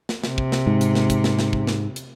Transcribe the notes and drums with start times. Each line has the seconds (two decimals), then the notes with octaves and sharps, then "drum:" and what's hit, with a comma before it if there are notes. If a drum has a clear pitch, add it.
0.09 drum: snare
0.24 C3, drum: snare
0.38 drum: kick
0.52 drum: snare
0.67 G#2
0.81 drum: hi-hat
0.95 drum: snare
1.10 drum: kick, hi-hat
1.24 drum: snare
1.39 drum: snare
1.53 drum: kick
1.67 drum: snare
1.96 drum: hi-hat